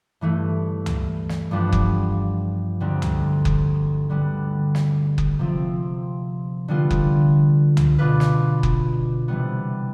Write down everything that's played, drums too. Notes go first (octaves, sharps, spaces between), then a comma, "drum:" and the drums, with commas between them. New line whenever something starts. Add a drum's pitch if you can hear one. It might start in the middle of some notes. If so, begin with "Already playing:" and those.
G2 E3 A3 E4
drum: tom C#2
drum: snare
G2 F3 B3 D4 G4
drum: kick F#1
D2 D3 G3 C4
drum: tom C#2
drum: kick F#1
D3 G3 B3
drum: snare
drum: kick F#1
C3 F3 C4
D3 G3 B3 F4
drum: kick F#1
drum: tom C#2
B2 B3 D4 F4 B4
drum: snare
drum: kick F#1
C3 E3 G3 B3